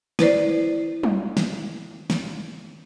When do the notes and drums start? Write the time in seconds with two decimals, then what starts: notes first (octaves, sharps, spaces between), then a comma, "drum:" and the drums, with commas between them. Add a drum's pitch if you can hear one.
0.19 E4 B4 C5 D5, drum: snare
1.03 drum: tom F#3
1.37 drum: snare
2.10 drum: snare